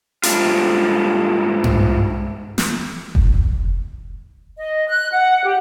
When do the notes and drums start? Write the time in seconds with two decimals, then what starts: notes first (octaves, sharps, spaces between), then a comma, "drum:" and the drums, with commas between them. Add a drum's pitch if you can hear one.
0.23 G#2 G3 A3 C4 D4 F4, drum: hi-hat
1.64 drum: tom G2
2.58 drum: snare
3.15 drum: kick F1
4.56 D#5
4.89 F#6
5.12 F#5
5.44 G4